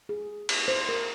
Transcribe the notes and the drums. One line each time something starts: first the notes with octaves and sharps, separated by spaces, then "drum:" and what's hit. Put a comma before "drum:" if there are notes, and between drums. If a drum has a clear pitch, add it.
G#4
drum: cymbal
C5
A#4